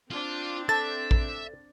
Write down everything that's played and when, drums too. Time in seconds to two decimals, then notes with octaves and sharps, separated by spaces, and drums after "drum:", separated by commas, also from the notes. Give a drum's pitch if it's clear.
0.11 C4 D4 F4
0.69 A4 E5 A6
1.11 drum: kick A1